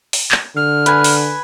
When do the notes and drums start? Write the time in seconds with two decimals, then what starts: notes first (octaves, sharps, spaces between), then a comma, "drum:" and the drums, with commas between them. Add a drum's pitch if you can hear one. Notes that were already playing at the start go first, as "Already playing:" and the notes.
0.13 drum: open hi-hat
0.31 drum: clap
0.56 D3 F6
0.86 B4 G#5, drum: hi-hat
1.04 drum: open hi-hat